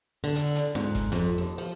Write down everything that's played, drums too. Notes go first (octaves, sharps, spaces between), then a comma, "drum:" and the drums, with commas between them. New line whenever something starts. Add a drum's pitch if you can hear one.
D3
drum: hi-hat
drum: hi-hat
G#2, drum: snare F4
drum: kick G1, hi-hat
F2, drum: hi-hat
D#2
F3